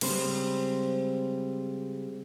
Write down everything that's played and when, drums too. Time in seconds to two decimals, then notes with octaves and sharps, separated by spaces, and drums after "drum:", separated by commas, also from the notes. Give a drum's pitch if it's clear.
0.01 C#3 G3 G#3 C4 C5, drum: cymbal